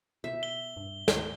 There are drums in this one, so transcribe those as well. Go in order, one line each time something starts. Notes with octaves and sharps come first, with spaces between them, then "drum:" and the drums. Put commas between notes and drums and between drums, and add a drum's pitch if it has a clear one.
B2 E5
G7
G2
G#2, drum: snare